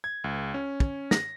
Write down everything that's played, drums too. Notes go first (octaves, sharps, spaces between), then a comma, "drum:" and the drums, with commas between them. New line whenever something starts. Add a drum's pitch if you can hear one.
G#6
C#2
C#4
drum: kick
A#6, drum: snare